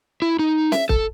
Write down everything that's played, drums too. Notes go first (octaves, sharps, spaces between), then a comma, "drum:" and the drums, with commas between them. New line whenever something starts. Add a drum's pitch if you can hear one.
E4
D#4
E5, drum: snare
A4, drum: kick